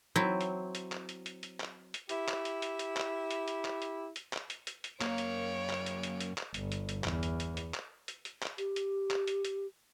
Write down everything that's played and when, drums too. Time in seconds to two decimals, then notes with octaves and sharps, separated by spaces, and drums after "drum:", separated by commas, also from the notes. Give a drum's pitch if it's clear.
0.16 F#3 C4 E4
0.41 drum: hi-hat
0.75 drum: hi-hat
0.92 drum: clap
1.09 drum: hi-hat
1.26 drum: hi-hat
1.43 drum: hi-hat
1.60 drum: clap
1.94 drum: hi-hat
2.09 E4 G4, drum: hi-hat
2.28 drum: clap
2.45 drum: hi-hat
2.62 drum: hi-hat
2.79 drum: hi-hat
2.96 drum: clap
3.31 drum: hi-hat
3.48 drum: hi-hat
3.65 drum: clap
3.82 drum: hi-hat
4.16 drum: hi-hat
4.33 drum: clap
4.50 drum: hi-hat
4.67 drum: hi-hat
4.84 drum: hi-hat
5.01 F#2 A#3 C#5 F5 D7, drum: clap
5.18 drum: hi-hat
5.69 drum: clap
5.86 drum: hi-hat
6.03 drum: hi-hat
6.20 drum: hi-hat
6.38 drum: clap
6.54 G1, drum: hi-hat
6.72 drum: hi-hat
6.89 drum: hi-hat
7.04 E2, drum: clap
7.23 drum: hi-hat
7.40 drum: hi-hat
7.57 drum: hi-hat
7.74 drum: clap
8.08 drum: hi-hat
8.25 drum: hi-hat
8.42 drum: clap
8.58 G4, drum: hi-hat
8.76 drum: hi-hat
9.10 drum: clap
9.27 drum: hi-hat
9.45 drum: hi-hat